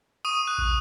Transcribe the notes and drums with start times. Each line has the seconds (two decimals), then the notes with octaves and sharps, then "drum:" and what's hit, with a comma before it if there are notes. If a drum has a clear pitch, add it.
0.25 C#6 D#6 D#7
0.48 F#6
0.58 drum: kick